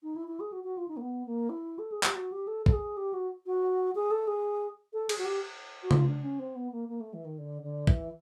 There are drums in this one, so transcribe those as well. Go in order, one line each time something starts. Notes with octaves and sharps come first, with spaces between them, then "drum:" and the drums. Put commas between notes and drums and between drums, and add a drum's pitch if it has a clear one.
D#4
E4
E4
G#4
F#4
F#4
F4
D#4
A#3
B3
A#3
E4
A4
G#4
G4, drum: clap
F#4
G4
A4
A4, drum: kick
G#4
G4
F#4
F#4
G#4
A4
G#4
A4
G#4, drum: cymbal
F#4
G4
F#4
F4, drum: tom C#3
D4
C#4
C4
B3
A#3
A#3
A3
E3
D#3
D3
D3
E3, drum: kick